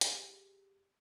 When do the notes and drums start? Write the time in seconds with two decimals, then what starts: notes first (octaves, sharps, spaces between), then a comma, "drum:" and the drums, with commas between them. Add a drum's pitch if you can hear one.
0.01 G4 G#4, drum: hi-hat